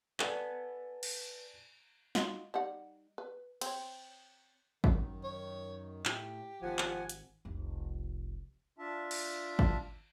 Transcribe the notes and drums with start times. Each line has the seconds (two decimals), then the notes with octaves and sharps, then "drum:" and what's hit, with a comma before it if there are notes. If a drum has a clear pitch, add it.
0.20 A4 B4 D5 F#5 G#5, drum: clap
1.03 drum: cymbal
2.15 D#4 F4 F#4, drum: snare
2.54 G3 D#4 F#5
3.18 B4
3.61 C4 C#5, drum: cymbal
4.84 F#2 D#3, drum: kick G#1
5.24 C#5
6.05 A2 G4, drum: clap
6.62 G#1 F3 F#5 G#5
6.79 drum: clap
7.09 drum: hi-hat
7.45 F1 C2
8.79 D4 F4 E5 A5
9.11 drum: cymbal
9.59 drum: kick G#1